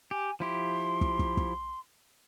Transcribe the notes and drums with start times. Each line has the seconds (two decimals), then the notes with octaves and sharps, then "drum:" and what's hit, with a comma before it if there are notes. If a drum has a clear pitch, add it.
0.11 G4 G#5
0.40 F3 E4 G4 C6
1.01 drum: kick
1.19 drum: kick
1.37 drum: kick